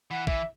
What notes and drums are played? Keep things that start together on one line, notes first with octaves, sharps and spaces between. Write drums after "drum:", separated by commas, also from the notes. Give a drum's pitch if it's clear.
E3 F#5
E3 E5, drum: kick